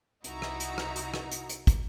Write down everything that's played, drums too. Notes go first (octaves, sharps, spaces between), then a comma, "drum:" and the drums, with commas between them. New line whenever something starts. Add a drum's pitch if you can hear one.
C2 D#4 E4 F#4 A#5, drum: hi-hat
drum: rim click
drum: hi-hat
drum: rim click
drum: hi-hat
drum: rim click
drum: hi-hat
drum: hi-hat
drum: kick, hi-hat